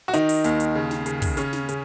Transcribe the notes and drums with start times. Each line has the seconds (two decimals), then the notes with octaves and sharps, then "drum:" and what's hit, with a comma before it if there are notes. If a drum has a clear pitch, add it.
0.08 F#4
0.13 D#3 D#4, drum: hi-hat
0.29 drum: open hi-hat
0.44 D#2, drum: hi-hat
0.60 drum: hi-hat
0.75 C#3
0.91 drum: snare
1.06 C#3, drum: hi-hat
1.22 drum: kick, open hi-hat
1.37 C#3 C#4, drum: hi-hat
1.53 drum: snare
1.69 C#3, drum: hi-hat